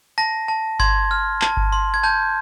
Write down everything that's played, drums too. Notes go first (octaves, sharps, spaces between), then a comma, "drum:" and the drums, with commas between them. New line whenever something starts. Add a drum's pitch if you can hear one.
A5 A#6
A5
C6 G#6, drum: kick G1
F6
A5, drum: clap
drum: kick G1
C6
G#6
A5 G6